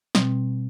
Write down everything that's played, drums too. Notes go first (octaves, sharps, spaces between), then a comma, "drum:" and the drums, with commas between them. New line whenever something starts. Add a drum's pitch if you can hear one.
B2 G3 C4, drum: snare